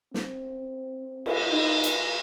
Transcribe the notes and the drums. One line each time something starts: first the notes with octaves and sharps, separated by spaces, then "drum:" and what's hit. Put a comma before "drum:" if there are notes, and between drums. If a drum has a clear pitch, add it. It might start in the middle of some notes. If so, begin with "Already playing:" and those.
C4, drum: snare
drum: cymbal
D#4
drum: hi-hat